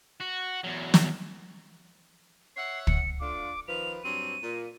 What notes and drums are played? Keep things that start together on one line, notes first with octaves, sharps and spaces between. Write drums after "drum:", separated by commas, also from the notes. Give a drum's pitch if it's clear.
F#4
E2 F#3
drum: snare
C#5 E5 F#5 C7
C#7, drum: kick
A3 D4 F4 D6
D#3 F3 B4 F7
G2 F#3 C4 D#7
A#2